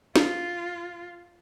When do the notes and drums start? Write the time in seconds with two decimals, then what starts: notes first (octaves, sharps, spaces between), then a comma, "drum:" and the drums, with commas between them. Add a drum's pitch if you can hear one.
0.16 F4, drum: snare